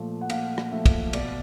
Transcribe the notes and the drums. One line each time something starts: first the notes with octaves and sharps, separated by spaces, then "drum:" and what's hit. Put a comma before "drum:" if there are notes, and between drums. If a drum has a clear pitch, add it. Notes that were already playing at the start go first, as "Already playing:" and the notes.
Already playing: A#2 F3 A3
F#5
A#2 F5, drum: cymbal
drum: rim click
F3 A3 E5
drum: kick, cymbal
B2 D5, drum: cymbal